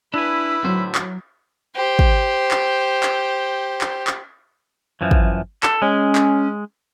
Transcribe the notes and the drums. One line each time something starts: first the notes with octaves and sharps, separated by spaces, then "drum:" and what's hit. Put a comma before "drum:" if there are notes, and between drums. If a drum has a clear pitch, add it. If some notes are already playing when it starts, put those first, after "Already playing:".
D4 E4 B4 G#5 E6
A2 D3 F#3 C5
drum: clap
G4 C5
drum: kick
drum: clap
drum: clap
drum: clap
drum: clap
F#2 E3 F3
drum: kick
A4, drum: clap
G#3 C#4
drum: clap